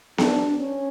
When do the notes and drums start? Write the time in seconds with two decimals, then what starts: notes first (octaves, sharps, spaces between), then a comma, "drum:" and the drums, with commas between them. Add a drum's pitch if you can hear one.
0.18 D4, drum: snare B3
0.59 C#4